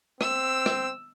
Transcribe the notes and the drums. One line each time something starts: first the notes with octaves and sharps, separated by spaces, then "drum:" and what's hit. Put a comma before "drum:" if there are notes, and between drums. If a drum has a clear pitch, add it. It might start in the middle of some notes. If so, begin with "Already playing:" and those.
C4 E6, drum: rim click
drum: rim click